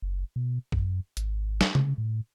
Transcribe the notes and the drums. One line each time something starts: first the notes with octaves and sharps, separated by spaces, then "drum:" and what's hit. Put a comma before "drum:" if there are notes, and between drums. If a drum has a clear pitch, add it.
F#1
B2
F#2, drum: kick G#1
G#1, drum: hi-hat
drum: snare
C#3, drum: tom C3
A2